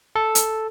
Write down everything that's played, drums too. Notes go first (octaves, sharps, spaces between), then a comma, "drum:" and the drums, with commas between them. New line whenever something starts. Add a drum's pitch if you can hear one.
A4
drum: hi-hat